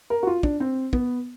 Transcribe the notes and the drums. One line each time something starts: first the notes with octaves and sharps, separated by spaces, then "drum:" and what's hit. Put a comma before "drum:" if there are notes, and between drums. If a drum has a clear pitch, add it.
A#4
F#4
F4
D4, drum: kick
C4
B3, drum: kick